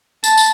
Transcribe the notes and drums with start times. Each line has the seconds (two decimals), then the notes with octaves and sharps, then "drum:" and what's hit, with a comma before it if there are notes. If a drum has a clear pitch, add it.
0.24 A5, drum: tambourine
0.38 drum: tambourine